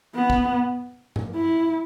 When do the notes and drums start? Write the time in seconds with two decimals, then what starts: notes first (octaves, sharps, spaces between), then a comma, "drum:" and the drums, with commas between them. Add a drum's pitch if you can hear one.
0.15 B3
0.30 drum: kick
1.16 drum: tom G2
1.35 E4